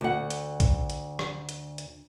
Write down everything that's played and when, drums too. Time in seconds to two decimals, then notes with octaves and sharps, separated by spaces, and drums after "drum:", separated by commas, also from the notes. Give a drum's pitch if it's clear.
0.01 D2 F#5
0.30 drum: hi-hat
0.60 drum: kick A#1, hi-hat
0.90 drum: hi-hat
1.19 drum: rim click
1.49 drum: hi-hat
1.78 drum: hi-hat